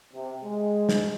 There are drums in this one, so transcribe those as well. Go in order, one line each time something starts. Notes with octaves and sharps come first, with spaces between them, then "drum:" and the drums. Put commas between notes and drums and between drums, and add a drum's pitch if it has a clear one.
C3
G#3
drum: snare